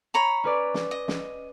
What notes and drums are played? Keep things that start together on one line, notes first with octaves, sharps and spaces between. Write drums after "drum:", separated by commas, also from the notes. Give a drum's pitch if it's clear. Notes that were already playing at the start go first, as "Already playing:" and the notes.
C#5 A#5 B5
C#4 B4 D5
drum: snare
D#5
drum: snare